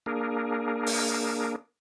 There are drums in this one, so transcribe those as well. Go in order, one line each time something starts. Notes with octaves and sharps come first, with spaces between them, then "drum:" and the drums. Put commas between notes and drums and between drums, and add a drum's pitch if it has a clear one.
A#3 D4 G#4 A#4
drum: open hi-hat